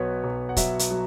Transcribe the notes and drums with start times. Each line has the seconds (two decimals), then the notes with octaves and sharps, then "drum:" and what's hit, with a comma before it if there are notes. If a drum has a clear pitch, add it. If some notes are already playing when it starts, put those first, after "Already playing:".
Already playing: B1 F#3 B3 B4 C#5
0.24 B1
0.49 F#5
0.57 F#3 E5, drum: kick, hi-hat
0.79 drum: hi-hat
0.91 F#3